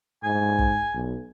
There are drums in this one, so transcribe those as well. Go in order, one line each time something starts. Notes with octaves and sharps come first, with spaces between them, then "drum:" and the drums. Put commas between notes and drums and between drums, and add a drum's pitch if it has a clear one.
G#2 G#5
drum: kick
B1